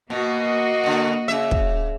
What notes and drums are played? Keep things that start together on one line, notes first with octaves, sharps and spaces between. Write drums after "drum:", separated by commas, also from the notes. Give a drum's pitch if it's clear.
B2 A#3 F#4 D#5
B2 D3
C#3 E5
drum: kick